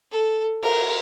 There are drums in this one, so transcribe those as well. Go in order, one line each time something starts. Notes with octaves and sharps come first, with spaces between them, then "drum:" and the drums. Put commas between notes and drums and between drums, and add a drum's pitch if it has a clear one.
A4
A#4, drum: cymbal